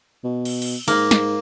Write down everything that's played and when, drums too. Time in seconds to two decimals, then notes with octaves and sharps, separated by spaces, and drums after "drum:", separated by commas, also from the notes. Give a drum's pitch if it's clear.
0.24 B2
0.45 drum: cymbal
0.62 drum: cymbal
0.88 G#2 A#3, drum: cymbal
1.11 drum: snare